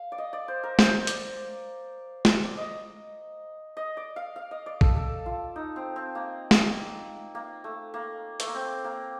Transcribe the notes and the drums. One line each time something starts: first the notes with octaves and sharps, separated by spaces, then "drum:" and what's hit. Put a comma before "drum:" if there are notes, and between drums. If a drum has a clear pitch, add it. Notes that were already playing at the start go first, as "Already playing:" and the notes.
Already playing: F5
D5
D#5
D5
C5
A#4
C5, drum: snare
D5, drum: hi-hat
drum: snare
D5
D#5
D#5
D5
F5
F5
D#5
D5
A4, drum: kick
A4
F4
D#4
C4
C4
A#3
drum: snare
A#3
A3
A#3
A3, drum: hi-hat
A#3
C4
A#3